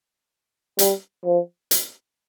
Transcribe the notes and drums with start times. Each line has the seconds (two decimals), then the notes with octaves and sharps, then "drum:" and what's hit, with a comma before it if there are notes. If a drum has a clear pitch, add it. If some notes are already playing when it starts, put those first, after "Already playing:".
0.79 G3, drum: hi-hat
1.25 F3
1.71 drum: hi-hat